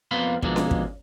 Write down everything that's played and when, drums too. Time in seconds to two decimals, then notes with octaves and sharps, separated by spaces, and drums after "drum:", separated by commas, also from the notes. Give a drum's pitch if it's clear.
0.11 F2 A#3 B3 F5 B5 C6
0.43 B2 D3 F3 G#3 A#3, drum: kick
0.56 drum: snare C#4
0.71 drum: kick